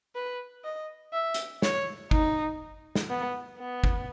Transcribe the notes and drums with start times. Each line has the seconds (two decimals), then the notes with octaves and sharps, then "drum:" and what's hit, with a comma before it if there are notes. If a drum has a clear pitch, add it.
0.15 B4
0.65 D#5
1.13 E5
1.34 drum: hi-hat
1.62 C#5, drum: snare
2.11 D#4, drum: kick
2.95 drum: snare
3.10 B3
3.59 B3
3.84 drum: kick